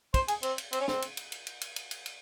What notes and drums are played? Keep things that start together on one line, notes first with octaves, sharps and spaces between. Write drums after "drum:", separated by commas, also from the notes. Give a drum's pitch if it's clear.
C5, drum: kick, cymbal
G#4, drum: cymbal
C4, drum: cymbal
drum: cymbal
C4, drum: cymbal
C#4
C4, drum: snare
drum: cymbal
drum: cymbal
drum: cymbal
drum: cymbal
drum: cymbal
drum: cymbal
drum: cymbal
drum: cymbal